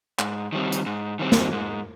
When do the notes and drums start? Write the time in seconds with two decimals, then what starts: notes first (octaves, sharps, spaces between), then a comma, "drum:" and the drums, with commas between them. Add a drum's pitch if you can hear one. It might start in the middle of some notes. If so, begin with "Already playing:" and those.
0.19 G#2, drum: clap
0.52 D#3 G3 C4
0.72 drum: hi-hat
0.86 G#2
1.19 D#3 G3 C4
1.32 drum: snare
1.53 G#2